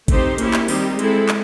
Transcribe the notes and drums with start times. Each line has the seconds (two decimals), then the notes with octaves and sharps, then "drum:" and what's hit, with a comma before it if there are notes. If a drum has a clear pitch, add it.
0.08 A3 C4 D#4 G4 C5, drum: kick G1, hi-hat
0.38 A#3 C#4 E4 G4, drum: hi-hat
0.54 drum: clap
0.68 D#3 G3 C4 D#4 G4, drum: open hi-hat
0.99 G#3 C4 E4 A4, drum: hi-hat
1.29 drum: clap